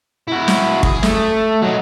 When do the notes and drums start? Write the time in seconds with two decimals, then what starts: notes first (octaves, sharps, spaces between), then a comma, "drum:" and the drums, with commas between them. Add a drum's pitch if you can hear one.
0.28 E4 F#4
0.48 drum: snare
0.83 G#4, drum: kick
1.03 A3, drum: snare
1.62 F#3 D#4